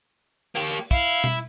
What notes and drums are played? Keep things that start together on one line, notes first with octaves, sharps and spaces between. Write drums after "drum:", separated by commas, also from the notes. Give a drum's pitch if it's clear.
A#3 G4
drum: cymbal
E4 F5, drum: kick
drum: tom B2